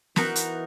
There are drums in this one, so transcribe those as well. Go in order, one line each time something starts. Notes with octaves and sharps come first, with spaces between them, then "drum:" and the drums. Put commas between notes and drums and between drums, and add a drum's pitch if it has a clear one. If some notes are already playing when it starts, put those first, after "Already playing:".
E3 B3 D#4 F#4 A#4, drum: snare
drum: hi-hat